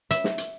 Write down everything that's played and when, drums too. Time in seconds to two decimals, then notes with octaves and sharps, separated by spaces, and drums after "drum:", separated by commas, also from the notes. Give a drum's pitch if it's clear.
0.11 E5, drum: hi-hat
0.24 drum: snare
0.38 drum: hi-hat